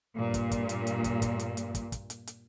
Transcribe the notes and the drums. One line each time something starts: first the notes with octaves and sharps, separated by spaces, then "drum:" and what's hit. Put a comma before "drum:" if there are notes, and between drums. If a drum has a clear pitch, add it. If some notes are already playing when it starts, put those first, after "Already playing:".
G2 A#2
drum: kick, hi-hat
drum: kick, hi-hat
drum: hi-hat
drum: hi-hat
drum: kick, hi-hat
drum: kick, hi-hat
drum: hi-hat
drum: hi-hat
drum: kick, hi-hat
drum: kick, hi-hat
drum: hi-hat
drum: hi-hat